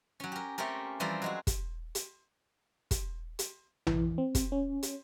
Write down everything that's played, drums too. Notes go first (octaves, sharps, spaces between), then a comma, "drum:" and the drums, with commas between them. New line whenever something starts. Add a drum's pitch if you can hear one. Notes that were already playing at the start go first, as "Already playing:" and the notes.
F#3 C#4
G4 A#4
A3 C4 C#4 G4 A#4
E3 F3 G3 C4 G4 A#4
F#3 G#3 F#4
drum: kick, hi-hat
drum: hi-hat
drum: kick, hi-hat
drum: hi-hat
E3, drum: tom A#1
C4
drum: kick, hi-hat
C#4
drum: hi-hat